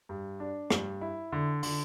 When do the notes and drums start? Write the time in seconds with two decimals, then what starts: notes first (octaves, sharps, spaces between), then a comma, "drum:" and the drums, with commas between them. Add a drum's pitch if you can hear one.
0.09 G2
0.40 D4
0.70 G2, drum: rim click
1.01 E4
1.32 D3
1.63 D3, drum: open hi-hat